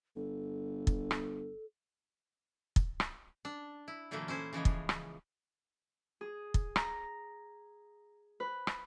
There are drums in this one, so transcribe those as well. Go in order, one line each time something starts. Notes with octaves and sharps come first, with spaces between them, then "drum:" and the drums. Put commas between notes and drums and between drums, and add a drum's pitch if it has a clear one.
G1 A4
drum: kick
drum: rim click
drum: kick
drum: rim click
D4
E4
A#2 D3 E3 F#3 A3 A#3
C#4 E4 C5
C#3 E3 F3 G#3
drum: kick
drum: rim click
G#4
drum: kick
A#5, drum: rim click
B4
drum: rim click